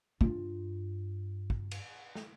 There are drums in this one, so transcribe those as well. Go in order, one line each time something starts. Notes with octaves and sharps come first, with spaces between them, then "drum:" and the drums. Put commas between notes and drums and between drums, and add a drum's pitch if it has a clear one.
G2 F4, drum: kick
drum: kick
drum: cymbal
drum: snare